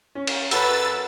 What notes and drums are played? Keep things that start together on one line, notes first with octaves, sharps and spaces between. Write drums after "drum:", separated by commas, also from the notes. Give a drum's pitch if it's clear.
C#4
drum: cymbal
F#2 F#4 A4 B4 E6 A6, drum: hi-hat